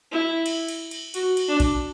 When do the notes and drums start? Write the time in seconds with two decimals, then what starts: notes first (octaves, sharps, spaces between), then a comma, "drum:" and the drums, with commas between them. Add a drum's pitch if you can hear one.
0.12 E4
0.46 drum: cymbal
0.68 drum: cymbal
0.91 drum: cymbal
1.14 F#4, drum: cymbal
1.37 drum: cymbal
1.48 D4
1.60 drum: kick A#1, cymbal